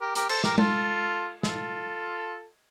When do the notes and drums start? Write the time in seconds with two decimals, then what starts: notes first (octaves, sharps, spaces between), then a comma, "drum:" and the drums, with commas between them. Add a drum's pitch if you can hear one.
0.01 G4 A#4
0.15 G4 A#4, drum: hi-hat
0.29 A4 C5, drum: cymbal
0.44 G4 A#4, drum: snare
0.58 F4 A4, drum: tom G#3
1.43 F4 A4, drum: snare